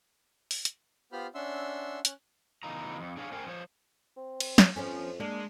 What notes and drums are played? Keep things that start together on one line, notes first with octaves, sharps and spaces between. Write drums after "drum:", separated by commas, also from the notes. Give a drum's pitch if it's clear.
drum: open hi-hat
drum: hi-hat
B3 F4 G4 C5 B5 F6
C#4 D4 E5 F#5 C6 E6
C#4 F#6, drum: hi-hat
C#3 E3 B3 D#4 F4 A#5
F2
D4 G#4 C#5 F5
C#4 A#4 C5 G5 G#5
F3 C5 C#5
C4
drum: cymbal
drum: snare
F2 F3 B3 C#4
G#3 A#3 D4